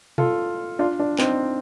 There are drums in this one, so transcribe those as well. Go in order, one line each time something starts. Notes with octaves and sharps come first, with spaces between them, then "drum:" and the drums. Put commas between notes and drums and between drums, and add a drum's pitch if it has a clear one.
F4 A4, drum: tom B2
D4 F4
D4
C4 D#4, drum: clap